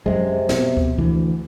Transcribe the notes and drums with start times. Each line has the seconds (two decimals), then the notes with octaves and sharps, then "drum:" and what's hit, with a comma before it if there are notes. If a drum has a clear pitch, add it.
0.06 F#2 C3 G#3
0.49 B2 C4, drum: snare
0.77 drum: kick D2
0.98 D2 E3